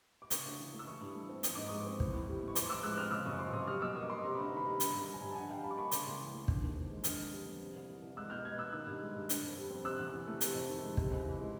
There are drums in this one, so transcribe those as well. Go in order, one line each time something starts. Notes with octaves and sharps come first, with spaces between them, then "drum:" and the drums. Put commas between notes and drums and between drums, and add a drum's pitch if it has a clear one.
D6
C#3 C#6 D#6, drum: hi-hat
D2
E3
A3
E6
E3 C#6 D#6
G2
A3
C4
F3 D#6, drum: hi-hat
G#2 D6
G#3 C#6 D#6
C4
E3, drum: kick
A2
G3
B3
C#6
F3 C6 D6, drum: hi-hat
A2 D6 E6
G#3 E6 F#6
C4 D#6 F6
C#3 D6 E6
F#2 C#6 D#6
F3 C6 D6
F#2 C#6 D#6
G3 D#6 F6
B2 D6 E6
A#3 C#6 D#6
B2 C6 D6
C3 A#5
D2 B5
A#5
D#3
B5
G3 A#5
D3 B5, drum: hi-hat
G2 A#5
B5
F3
G#5 A#5
G2
A5
D3 F#5 G#5
G2 F5 G5
G3 A5 B5
D6
A#3 B5 C#6
C#3 C6 D6, drum: hi-hat
C#2
E3
A3
D3, drum: kick
D#2
F3
G#3
D3 D#6 F6, drum: hi-hat
F2
G3
B3
C3
C2
E3
C2
G#3 E6 F#6
B2 F6 G6
B3 F#6 G#6
B2 E6 F#6
D#3 E6 F#6
G2
G#3
G2
D3, drum: hi-hat
F2
G3
C4
C3 E6 F#6
E2
E3
A3
C3, drum: hi-hat
F2
D#3
G#3
C3, drum: kick
C#2
E3
G#3